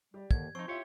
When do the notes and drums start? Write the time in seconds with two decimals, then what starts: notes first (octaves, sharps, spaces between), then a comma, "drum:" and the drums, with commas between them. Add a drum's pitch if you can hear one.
0.14 G3 G4 D5
0.31 D#2 D3 G#6, drum: kick
0.55 F3 C4 D#4 C5 C6 C#6
0.68 E4 F4 G4 C#5 E5